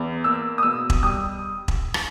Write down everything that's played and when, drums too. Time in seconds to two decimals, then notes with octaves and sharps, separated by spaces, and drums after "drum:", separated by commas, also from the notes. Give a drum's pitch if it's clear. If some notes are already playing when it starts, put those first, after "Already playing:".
Already playing: E2
0.24 A#3 E6
0.58 D#6
0.63 B2 E6
0.90 drum: kick E1
1.03 G3 D#6
1.68 drum: kick E1
1.94 drum: rim click